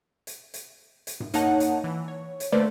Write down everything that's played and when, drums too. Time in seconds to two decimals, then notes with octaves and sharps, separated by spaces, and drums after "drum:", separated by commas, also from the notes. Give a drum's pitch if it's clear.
0.27 drum: hi-hat
0.54 drum: hi-hat
1.07 drum: hi-hat
1.20 drum: tom G2
1.34 A#3 D#4 C#5 F#5 A5, drum: hi-hat
1.60 drum: hi-hat
1.84 E3
2.08 C#5
2.40 drum: hi-hat
2.52 D3 A3 A#3 B4 C5 D5